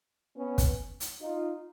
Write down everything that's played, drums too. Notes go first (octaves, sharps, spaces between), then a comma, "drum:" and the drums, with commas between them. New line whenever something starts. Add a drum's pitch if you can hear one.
B3 C#4
drum: kick, hi-hat
drum: hi-hat
D#4 F4